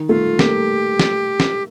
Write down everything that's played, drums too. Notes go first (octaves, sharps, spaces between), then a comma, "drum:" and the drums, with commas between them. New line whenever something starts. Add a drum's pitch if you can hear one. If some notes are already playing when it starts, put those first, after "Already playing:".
Already playing: D#3
A3 F4
A#3 G4, drum: snare
drum: snare
drum: snare